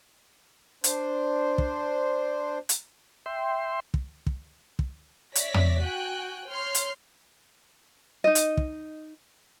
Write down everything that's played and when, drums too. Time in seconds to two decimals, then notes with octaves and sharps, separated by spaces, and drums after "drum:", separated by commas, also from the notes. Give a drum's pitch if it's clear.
0.84 D4 C5, drum: hi-hat
1.58 drum: kick
2.69 drum: hi-hat
3.26 E5 G5 C6
3.94 drum: kick
4.26 drum: kick
4.79 drum: kick
5.35 C#5 D5 E5 A#6 B6, drum: hi-hat
5.54 drum: tom
5.82 F#4 G5 G#5 F#6
6.48 C#5 C6 F6 G6 C7
6.75 drum: hi-hat
8.24 D#4 D#5
8.35 drum: hi-hat
8.57 drum: kick